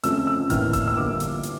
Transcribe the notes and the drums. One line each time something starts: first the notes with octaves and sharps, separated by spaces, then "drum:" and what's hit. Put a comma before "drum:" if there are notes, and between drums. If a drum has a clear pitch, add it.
F2 C#3 F3 A3 C#4 E6, drum: hi-hat
E6
A2 E3 A#3 D4 F4 F6, drum: kick F#1, hi-hat
E6, drum: kick F#1, hi-hat
E6
G1 G2 D3 F3 A#3 D6
drum: hi-hat
drum: hi-hat